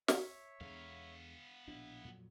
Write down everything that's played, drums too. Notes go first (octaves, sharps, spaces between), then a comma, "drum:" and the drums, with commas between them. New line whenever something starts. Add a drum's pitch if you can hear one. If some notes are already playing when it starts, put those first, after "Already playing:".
C#5 E5, drum: snare
E2 D3 G#3 B3 F5
A#1 B2 D4 E4
F2 A#2 F#3